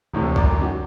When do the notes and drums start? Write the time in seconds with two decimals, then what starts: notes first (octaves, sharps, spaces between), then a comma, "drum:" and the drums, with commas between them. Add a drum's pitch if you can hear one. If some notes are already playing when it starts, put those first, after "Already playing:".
0.13 E1 D2 A2 C3
0.36 F#2 D5, drum: kick A#1
0.61 C#4 D#4 F#4